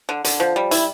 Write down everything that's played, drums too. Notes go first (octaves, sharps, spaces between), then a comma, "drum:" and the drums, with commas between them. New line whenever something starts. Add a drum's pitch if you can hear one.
D3
D3, drum: hi-hat
F3
G3
E4, drum: hi-hat